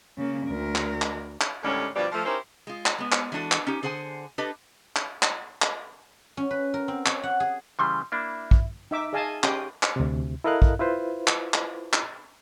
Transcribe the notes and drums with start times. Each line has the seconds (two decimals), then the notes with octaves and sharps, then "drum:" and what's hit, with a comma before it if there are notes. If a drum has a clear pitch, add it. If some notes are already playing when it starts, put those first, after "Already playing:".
0.17 C#3 A#3
0.46 D2 A#4
0.75 drum: clap
1.02 drum: clap
1.41 drum: clap
1.63 D#2 A2 D3 G3 G#3 C#4
1.96 G2 B2 F3 G3 C5 D5
2.12 F3 A3
2.26 C#4 D#4 E4 G4 A#4 C5
2.67 G#3 F4
2.86 drum: clap
2.98 G#3 B3
3.12 drum: clap
3.32 E3 G#3 D4 F#4 A4
3.52 drum: clap
3.67 C#4 D#4 G4
3.83 D3 G#4 C5 F#5 G#5
4.38 D4 G4 A4 B4 D#5
4.96 drum: clap
5.23 drum: clap
5.62 drum: clap
6.37 C#4
6.51 B4
6.74 A#4
6.88 C4
7.06 C#5, drum: clap
7.23 F#5
7.40 G#4
7.79 C#3 E3 G3 C6
8.12 A#3 D4 E4
8.51 drum: kick
8.91 D#4 E5 D6
9.13 G#4 D#5 F5 G#5 A5
9.44 C#4 G4 G5 C6 D#6, drum: clap
9.83 drum: clap
9.96 D2 C3
10.44 E4 A4 A#4 D#5 F5 F#6
10.62 drum: kick
10.79 E4 F4 B4 C5
11.27 drum: clap
11.54 drum: clap
11.93 drum: clap